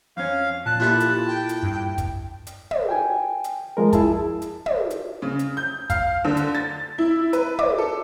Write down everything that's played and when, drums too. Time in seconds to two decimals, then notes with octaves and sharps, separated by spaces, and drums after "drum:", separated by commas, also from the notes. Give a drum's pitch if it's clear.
0.17 F2 C#4 F5
0.66 A#2 A5 F#6
0.80 A#2 E4 F4 G4 A4 F#6
1.00 drum: hi-hat
1.28 G5
1.49 drum: hi-hat
1.63 G2
1.98 drum: kick, hi-hat
2.47 drum: hi-hat
2.71 drum: tom
2.89 G5 G#5
3.44 drum: hi-hat
3.77 F3 G#3 A#4
3.93 E4 G#4 A5, drum: kick, hi-hat
4.42 drum: hi-hat
4.66 drum: tom
4.90 drum: hi-hat
5.22 C#3
5.39 drum: hi-hat
5.57 G6
5.90 F5, drum: kick, hi-hat
6.25 D3
6.37 drum: hi-hat
6.55 A6
6.98 E4
7.33 B4, drum: hi-hat
7.59 D6, drum: tom
7.78 A4